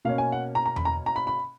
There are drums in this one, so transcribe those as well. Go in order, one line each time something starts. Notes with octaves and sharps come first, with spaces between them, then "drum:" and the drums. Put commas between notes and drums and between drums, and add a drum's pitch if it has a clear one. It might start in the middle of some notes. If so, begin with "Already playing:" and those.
B2 A#3 C#4 F5
G#5
F#5
A#5
A#5
B5, drum: tom E2
A#5
A#5
B5
B5